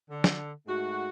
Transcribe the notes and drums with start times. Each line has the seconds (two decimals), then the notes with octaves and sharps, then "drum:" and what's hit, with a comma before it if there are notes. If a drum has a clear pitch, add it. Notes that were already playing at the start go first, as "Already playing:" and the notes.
0.10 D3
0.24 drum: snare
0.68 G#2 A3 F#4